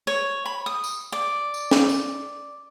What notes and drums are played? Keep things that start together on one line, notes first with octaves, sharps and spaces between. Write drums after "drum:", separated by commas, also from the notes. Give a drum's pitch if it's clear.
C#5
B5
D#6
drum: tambourine
D5
drum: tambourine
drum: snare
drum: tambourine